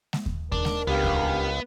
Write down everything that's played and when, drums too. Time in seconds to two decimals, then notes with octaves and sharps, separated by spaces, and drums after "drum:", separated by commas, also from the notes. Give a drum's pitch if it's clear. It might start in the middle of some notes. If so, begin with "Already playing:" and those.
0.13 drum: snare G#3
0.26 drum: kick D#2
0.52 G#2 D4 A#4, drum: kick D#2
0.65 drum: snare G#3
0.87 C#2 G2 B3 G4 F5
1.04 drum: kick D#2